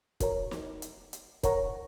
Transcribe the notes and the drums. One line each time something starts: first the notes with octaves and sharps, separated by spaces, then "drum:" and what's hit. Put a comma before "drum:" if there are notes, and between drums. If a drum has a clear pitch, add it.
F#4 A#4 C#5 A#5, drum: kick, hi-hat
drum: snare
drum: hi-hat
drum: hi-hat
A#4 C#5 F#5 A#5 C#6, drum: kick, hi-hat